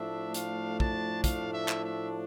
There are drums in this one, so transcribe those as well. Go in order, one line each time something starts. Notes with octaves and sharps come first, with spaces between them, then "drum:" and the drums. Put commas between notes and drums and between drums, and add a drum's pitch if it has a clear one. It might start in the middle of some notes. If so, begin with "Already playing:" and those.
Already playing: A2 F3 A3 D4 E5
F5, drum: hi-hat
A5, drum: kick
F5, drum: kick, hi-hat
E5
drum: clap
E5